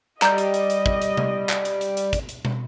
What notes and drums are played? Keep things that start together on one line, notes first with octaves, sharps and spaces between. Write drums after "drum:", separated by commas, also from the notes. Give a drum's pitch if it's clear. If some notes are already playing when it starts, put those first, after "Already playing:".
G3 D5 D#5 A#5 G6, drum: clap
drum: hi-hat
drum: hi-hat
drum: hi-hat
drum: kick
drum: hi-hat
drum: tom C3
drum: clap
drum: hi-hat
drum: hi-hat
drum: hi-hat
drum: kick, hi-hat
drum: hi-hat
drum: tom